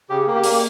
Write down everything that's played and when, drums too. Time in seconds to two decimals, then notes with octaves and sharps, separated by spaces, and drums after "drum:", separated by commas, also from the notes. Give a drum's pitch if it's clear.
0.10 C#3 G4
0.27 A#3
0.35 G4
0.44 A#3, drum: open hi-hat